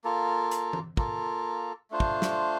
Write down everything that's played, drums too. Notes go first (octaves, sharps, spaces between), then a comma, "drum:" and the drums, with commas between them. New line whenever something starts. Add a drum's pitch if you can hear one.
A#3 F4 A4
drum: hi-hat
drum: tom E3
A#3 F4 A4, drum: kick
A3 D4 F4 C5
drum: kick
drum: snare